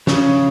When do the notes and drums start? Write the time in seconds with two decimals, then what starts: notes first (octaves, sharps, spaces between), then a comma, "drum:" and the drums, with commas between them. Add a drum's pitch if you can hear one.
0.07 C#3, drum: snare